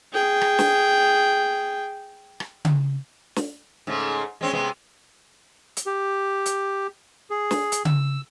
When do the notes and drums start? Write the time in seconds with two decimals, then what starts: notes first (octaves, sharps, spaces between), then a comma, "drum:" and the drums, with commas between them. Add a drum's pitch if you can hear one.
0.13 G#4 G5
0.41 drum: rim click
0.59 drum: snare
2.40 drum: rim click
2.65 drum: tom C#3
3.36 drum: snare
3.87 G#2 C#3 A3
4.41 G#3 C4 C#4
4.53 C3 G#3 B3
5.77 drum: hi-hat
5.86 G4
6.46 drum: hi-hat
7.30 G#4
7.51 drum: snare
7.72 drum: hi-hat
7.85 E6, drum: tom C#3